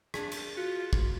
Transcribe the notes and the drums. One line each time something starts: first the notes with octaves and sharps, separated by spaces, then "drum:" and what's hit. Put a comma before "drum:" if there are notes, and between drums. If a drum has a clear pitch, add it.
D4 G#4, drum: rim click
drum: cymbal
F4 F#4
drum: kick